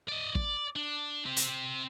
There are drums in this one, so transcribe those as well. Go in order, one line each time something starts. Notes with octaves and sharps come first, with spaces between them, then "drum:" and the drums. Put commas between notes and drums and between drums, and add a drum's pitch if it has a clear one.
D5 D#5
D5, drum: kick
D4
C4 G4
drum: hi-hat